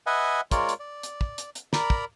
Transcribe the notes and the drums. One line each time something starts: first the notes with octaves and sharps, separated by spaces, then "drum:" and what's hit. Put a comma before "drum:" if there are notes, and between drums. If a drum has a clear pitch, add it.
B4 D#5 E5 F#5 G#5
G#3 F4 A#4 C#5 D5, drum: kick, hi-hat
drum: hi-hat
D5
drum: hi-hat
drum: kick
drum: hi-hat
drum: hi-hat
A#4 D5 A#5 B5, drum: snare
drum: kick